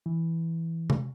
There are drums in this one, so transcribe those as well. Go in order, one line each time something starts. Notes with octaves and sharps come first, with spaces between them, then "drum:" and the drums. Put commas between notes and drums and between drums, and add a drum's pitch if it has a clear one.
E3
drum: tom C3